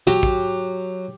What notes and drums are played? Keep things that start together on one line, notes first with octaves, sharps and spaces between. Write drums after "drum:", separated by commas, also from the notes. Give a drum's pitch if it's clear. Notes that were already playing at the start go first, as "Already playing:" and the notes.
F#3 G4
drum: kick